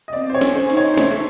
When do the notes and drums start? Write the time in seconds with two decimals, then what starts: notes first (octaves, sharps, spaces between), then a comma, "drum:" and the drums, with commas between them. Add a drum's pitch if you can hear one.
0.08 D#5
0.13 C4 D5
0.30 C5
0.34 C#5
0.41 C#4, drum: snare
0.56 C5
0.70 D#4, drum: cymbal
0.77 C#5
0.94 C5
0.97 A3 C#5, drum: snare